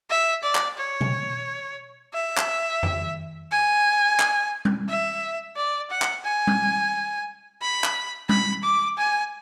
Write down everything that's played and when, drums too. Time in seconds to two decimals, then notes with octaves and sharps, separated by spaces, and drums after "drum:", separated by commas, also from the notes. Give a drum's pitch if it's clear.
0.10 E5
0.43 D5
0.55 drum: clap
0.78 C#5
1.01 drum: tom B2
2.14 E5
2.37 drum: clap
2.83 drum: tom F2
3.51 G#5
4.20 drum: clap
4.65 drum: tom G3
4.88 E5
5.57 D5
5.90 F#5
6.02 drum: clap
6.25 G#5
6.47 drum: tom G3
7.61 B5
7.84 drum: clap
8.29 B5, drum: tom G3
8.63 D6
8.98 G#5